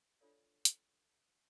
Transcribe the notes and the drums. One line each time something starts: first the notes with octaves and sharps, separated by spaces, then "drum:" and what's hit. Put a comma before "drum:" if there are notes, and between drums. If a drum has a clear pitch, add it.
D4 F4 A4 C#5 D5 F5
drum: hi-hat